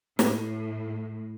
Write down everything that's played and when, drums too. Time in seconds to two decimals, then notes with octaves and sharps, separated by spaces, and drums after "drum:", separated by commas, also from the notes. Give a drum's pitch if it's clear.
0.19 A2, drum: snare